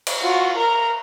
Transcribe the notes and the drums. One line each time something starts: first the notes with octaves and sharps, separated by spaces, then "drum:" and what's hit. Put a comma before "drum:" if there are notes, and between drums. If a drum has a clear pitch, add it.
drum: cymbal
F4 F#4
A#4 A#5